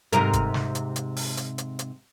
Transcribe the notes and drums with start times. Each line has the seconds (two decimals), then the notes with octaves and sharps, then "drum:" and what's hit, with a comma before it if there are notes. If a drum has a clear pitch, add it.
0.13 G#2 C3 A#4, drum: hi-hat
0.33 drum: kick, hi-hat
0.54 drum: snare
0.75 drum: hi-hat
0.96 drum: hi-hat
1.16 drum: open hi-hat
1.37 drum: hi-hat
1.58 drum: hi-hat
1.79 drum: hi-hat